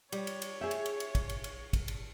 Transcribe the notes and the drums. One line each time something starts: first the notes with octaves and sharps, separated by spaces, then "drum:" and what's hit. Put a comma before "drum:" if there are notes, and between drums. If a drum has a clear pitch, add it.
G3 C#5, drum: cymbal
drum: cymbal
drum: cymbal
G#4 E5 G5
drum: cymbal
drum: cymbal
drum: cymbal
drum: kick, cymbal
drum: cymbal
drum: cymbal
drum: kick, cymbal
drum: cymbal